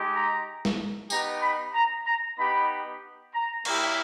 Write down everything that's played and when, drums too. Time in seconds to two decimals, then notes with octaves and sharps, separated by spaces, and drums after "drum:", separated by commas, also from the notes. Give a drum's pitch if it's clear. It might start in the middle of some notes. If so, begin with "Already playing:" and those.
Already playing: G#3 D#4 G4
0.14 A#5
0.65 drum: snare
1.10 B3 D#4 G4 A#5, drum: tambourine
1.42 B5
1.74 A#5
2.06 A#5
2.38 B3 D#4 G4 B5
3.33 A#5
3.65 A#3 E4 G4, drum: cymbal